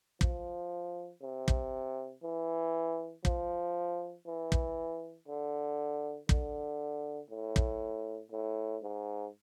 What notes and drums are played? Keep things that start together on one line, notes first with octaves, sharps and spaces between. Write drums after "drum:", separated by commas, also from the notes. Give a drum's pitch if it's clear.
F3, drum: kick
C3
drum: kick
E3
F3, drum: kick
E3
drum: kick
D3
D3, drum: kick
A2
drum: kick
A2
G#2